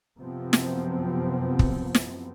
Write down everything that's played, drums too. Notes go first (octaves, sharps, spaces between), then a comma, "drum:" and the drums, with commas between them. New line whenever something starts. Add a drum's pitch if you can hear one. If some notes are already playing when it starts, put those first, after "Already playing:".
F#2 C3 F3 B3 C4
drum: snare
drum: kick
drum: snare